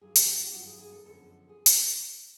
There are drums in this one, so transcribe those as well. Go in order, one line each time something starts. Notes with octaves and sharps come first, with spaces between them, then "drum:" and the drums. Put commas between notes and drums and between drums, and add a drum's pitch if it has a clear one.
G2 D#3 F#3 G#4
G4, drum: hi-hat
F#4
F4
G4
G2 D#3 F#3 F#4
G#4
G#4
A4
F#2 D3 F3 G#3 B3 A4
G#4
drum: hi-hat